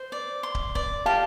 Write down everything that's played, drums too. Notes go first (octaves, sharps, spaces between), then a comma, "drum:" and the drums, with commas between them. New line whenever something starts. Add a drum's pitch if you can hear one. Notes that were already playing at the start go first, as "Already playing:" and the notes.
Already playing: C5
D5
C6
drum: kick
D5, drum: kick
G4 F5 A5